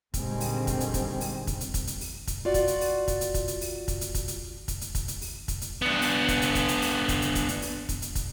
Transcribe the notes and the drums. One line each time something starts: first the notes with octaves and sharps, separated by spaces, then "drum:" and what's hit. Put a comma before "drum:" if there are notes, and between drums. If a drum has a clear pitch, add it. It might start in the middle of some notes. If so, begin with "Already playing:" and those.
A#2 D3 D#3 G3 G#3 C4, drum: kick, hi-hat
drum: open hi-hat
drum: kick, hi-hat
drum: hi-hat
drum: kick, hi-hat
drum: open hi-hat
drum: kick, hi-hat
drum: hi-hat
drum: kick, hi-hat
drum: hi-hat
drum: open hi-hat
drum: kick, hi-hat
F4 F#4 D5
drum: kick, hi-hat
drum: hi-hat
drum: open hi-hat
drum: kick, hi-hat
drum: hi-hat
drum: kick, hi-hat
drum: hi-hat
drum: open hi-hat
drum: kick, hi-hat
drum: hi-hat
drum: kick, hi-hat
drum: hi-hat
drum: kick, hi-hat
drum: hi-hat
drum: kick, hi-hat
drum: hi-hat
drum: open hi-hat
drum: kick, hi-hat
drum: hi-hat
B3 D4
drum: open hi-hat
drum: kick, hi-hat
drum: hi-hat
drum: kick, hi-hat
drum: hi-hat
drum: open hi-hat
drum: kick, hi-hat
drum: hi-hat
drum: kick, hi-hat
drum: hi-hat
drum: open hi-hat
drum: kick, hi-hat
drum: hi-hat
drum: kick, hi-hat